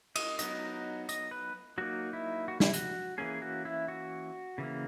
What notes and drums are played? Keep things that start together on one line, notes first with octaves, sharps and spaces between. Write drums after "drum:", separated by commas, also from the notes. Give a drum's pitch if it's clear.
D#5, drum: cymbal
F#3 B3 D#4 D#5, drum: hi-hat
D#5, drum: hi-hat
B4
F#3 A#3 D#4 F#4
E4
F#4
E4, drum: snare
F#4, drum: hi-hat
E3 A#3 C#4 G#4
F#4
E4
F#4
C#3 E3 A#3